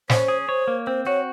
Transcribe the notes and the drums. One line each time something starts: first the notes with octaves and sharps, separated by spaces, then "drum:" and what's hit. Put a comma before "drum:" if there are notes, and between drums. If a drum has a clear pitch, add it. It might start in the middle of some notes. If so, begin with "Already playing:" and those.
C#4 C5, drum: snare
G#4
C5 C#5
A#3
C4 C5
F#4 C#5